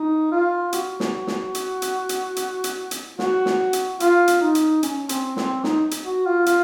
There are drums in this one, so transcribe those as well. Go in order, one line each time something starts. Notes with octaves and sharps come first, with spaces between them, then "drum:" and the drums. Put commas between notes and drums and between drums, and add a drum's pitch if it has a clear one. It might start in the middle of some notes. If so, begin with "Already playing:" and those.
Already playing: D#4
F4
F#4, drum: hi-hat
drum: snare
drum: snare
drum: hi-hat
drum: hi-hat
drum: hi-hat
drum: hi-hat
drum: hi-hat
drum: hi-hat
F#4, drum: snare
drum: snare
drum: hi-hat
F4, drum: hi-hat
drum: hi-hat
D#4
drum: hi-hat
C#4, drum: hi-hat
C4, drum: hi-hat
C4, drum: snare
D#4, drum: snare
drum: hi-hat
F#4
F4
F4, drum: hi-hat